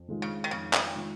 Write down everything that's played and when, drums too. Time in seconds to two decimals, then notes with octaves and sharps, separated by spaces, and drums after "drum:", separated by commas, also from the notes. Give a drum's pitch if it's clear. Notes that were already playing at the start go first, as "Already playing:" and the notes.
Already playing: F2
0.08 D#3 G#3 F4
0.22 C#3
0.44 D#3
0.51 F2 C#3
0.73 drum: clap
0.95 D#3 G#3 F4